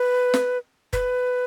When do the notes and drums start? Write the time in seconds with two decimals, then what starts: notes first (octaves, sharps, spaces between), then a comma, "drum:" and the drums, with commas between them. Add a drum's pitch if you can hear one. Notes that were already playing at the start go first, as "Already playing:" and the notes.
Already playing: B4
0.34 drum: snare
0.93 B4, drum: kick F#1